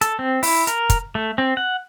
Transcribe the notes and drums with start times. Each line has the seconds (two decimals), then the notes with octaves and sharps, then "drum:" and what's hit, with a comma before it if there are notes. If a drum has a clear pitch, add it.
0.01 A4, drum: hi-hat
0.19 C4
0.43 E4, drum: open hi-hat
0.67 A#4, drum: hi-hat
0.90 drum: kick, hi-hat
1.15 A3
1.38 C4
1.57 F#5